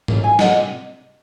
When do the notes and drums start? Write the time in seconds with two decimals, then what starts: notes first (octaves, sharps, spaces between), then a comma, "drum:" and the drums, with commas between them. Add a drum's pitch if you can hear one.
0.08 A#3 C#4 F4, drum: tom G#2
0.23 F#3 F5 G#5
0.39 A#3 C#4 F4 D#5 F#5, drum: snare
0.55 C3